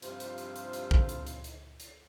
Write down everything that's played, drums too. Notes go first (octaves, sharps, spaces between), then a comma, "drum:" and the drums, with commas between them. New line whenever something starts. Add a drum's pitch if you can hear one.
G2 C3 F3 F4 C5, drum: hi-hat
drum: hi-hat
drum: hi-hat
drum: hi-hat
drum: hi-hat
drum: kick
drum: hi-hat
drum: hi-hat
drum: hi-hat
drum: hi-hat